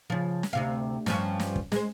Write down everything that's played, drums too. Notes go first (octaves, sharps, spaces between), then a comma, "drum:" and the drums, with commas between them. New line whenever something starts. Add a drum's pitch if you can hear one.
C#3 F3
drum: snare
D2 C3 F5
G2 F3 C#4, drum: snare
drum: snare
drum: kick
G#3 C5, drum: snare